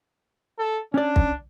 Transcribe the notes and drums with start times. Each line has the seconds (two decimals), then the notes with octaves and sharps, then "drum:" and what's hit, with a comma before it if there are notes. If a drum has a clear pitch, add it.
0.59 A4
0.94 C#4 D4 D5
1.16 drum: kick